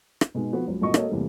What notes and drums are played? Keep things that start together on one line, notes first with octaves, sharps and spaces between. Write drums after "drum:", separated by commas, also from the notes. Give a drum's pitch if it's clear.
drum: rim click
B2 G#3 D#4
F3 B3 F#4 B4
C#2 F#3
E1 C2 A#2 F#4 D#5 C#6
A#3 F#4 A4 A#4 C#5 D#5, drum: rim click
E2 C3 E3 G3 A3 A#3